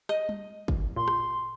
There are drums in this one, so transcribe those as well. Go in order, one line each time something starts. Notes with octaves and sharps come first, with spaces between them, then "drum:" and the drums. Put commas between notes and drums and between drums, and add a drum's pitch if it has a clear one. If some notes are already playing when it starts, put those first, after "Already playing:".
D#5, drum: rim click
drum: tom G3
drum: kick
A#2 C6
drum: rim click